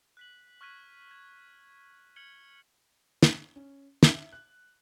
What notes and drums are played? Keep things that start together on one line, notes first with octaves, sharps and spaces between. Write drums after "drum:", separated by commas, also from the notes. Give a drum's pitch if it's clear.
F#6 B6 F#7
C#6 F6 F#6 G#6 B6 D#7
G#6
F6 G#6 C#7 F#7 G7
drum: snare
C#4
E5, drum: snare
F#6